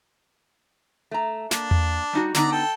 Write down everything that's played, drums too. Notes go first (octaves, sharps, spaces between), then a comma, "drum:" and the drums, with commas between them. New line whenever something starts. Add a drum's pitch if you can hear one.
A3 A#5
A#3 D4, drum: snare
drum: tom E2
G3 D#4 F#4
D3 B3 D#4 D5 A#5, drum: snare
A4 G5